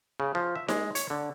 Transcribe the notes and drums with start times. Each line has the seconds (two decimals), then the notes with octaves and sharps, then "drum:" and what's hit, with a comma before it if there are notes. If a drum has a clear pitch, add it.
0.20 C#3
0.35 F3
0.55 E5
0.68 G#3, drum: snare D#4
0.95 C#5, drum: hi-hat
1.10 D3